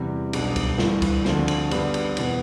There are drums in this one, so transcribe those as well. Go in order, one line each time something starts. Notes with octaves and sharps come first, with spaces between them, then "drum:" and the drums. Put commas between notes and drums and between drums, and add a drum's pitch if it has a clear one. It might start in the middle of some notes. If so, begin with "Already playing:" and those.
Already playing: E2 C3 G3
B1 B2 G3 D4, drum: cymbal
drum: kick C#2, cymbal
G1 G2 E3, drum: snare
drum: kick C#2, cymbal
D2 D3 F3 A3 C4, drum: snare
drum: cymbal
G2 D3 G3 B3, drum: cymbal
drum: cymbal
E2 B2 B3, drum: cymbal